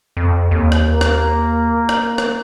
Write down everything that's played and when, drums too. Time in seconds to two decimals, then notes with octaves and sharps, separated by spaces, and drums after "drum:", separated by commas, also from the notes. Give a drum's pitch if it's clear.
0.17 F2
0.51 D#2
0.72 drum: rim click
0.87 A#3
1.01 drum: rim click
1.89 drum: rim click
2.18 drum: rim click